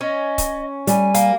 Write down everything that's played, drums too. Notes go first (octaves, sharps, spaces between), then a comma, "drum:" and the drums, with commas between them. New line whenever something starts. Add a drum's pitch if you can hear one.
C#4 D#5
drum: kick C#1, hi-hat
G3 G#5, drum: hi-hat
A#3, drum: hi-hat